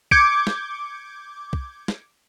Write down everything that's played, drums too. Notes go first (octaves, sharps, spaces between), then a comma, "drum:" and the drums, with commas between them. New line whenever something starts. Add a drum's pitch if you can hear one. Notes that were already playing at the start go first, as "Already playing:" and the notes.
D6 G6 G#6 C#7 D7, drum: kick
drum: snare
drum: kick
drum: snare